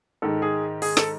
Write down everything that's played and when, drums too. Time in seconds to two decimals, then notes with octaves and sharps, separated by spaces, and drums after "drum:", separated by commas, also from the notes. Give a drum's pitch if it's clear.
0.22 G#2 D#3 G#3 A4
0.42 G#4
0.82 G#4, drum: open hi-hat
0.97 A4, drum: snare